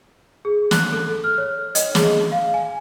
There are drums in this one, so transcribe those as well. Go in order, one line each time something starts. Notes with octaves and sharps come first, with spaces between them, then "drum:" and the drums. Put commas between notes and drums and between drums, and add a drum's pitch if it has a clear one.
G#4
F#6, drum: snare
A4
F6
C#5
D#5, drum: hi-hat
G#4, drum: snare
F5
G#5